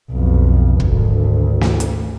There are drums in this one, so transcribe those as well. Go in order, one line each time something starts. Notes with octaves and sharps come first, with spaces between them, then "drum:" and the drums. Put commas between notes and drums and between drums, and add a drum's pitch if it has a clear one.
B1 F2
G#1 D2, drum: kick
drum: snare
drum: hi-hat